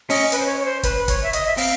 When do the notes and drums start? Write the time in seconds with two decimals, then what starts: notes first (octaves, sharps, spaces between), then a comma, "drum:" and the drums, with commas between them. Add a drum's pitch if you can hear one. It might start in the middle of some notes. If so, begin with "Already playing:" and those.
0.10 C#4 D#5, drum: open hi-hat
0.32 B4, drum: hi-hat
0.39 C5
0.46 C#5
0.60 C#5
0.65 C5
0.83 B4, drum: kick, hi-hat
1.08 C#5, drum: kick, hi-hat
1.23 E5
1.33 D#5, drum: hi-hat
1.47 E5
1.57 C4 F5, drum: open hi-hat